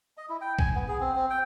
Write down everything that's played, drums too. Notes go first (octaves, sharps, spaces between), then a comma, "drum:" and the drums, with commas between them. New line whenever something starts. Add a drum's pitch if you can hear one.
D#5
E4
G5
G#5, drum: kick
B3
G#4
C4
C4
G5